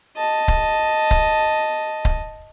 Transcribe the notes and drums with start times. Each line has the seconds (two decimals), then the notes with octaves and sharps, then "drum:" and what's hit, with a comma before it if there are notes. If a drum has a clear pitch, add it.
0.17 D#5 A5
0.48 drum: kick C#1
1.11 drum: kick C#1
2.05 drum: kick C#1